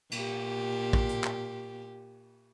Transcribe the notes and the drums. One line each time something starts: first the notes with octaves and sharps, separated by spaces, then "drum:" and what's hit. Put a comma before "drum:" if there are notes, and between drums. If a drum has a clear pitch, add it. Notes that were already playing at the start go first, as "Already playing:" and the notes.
A#2 G4, drum: cymbal
drum: kick
drum: hi-hat
drum: clap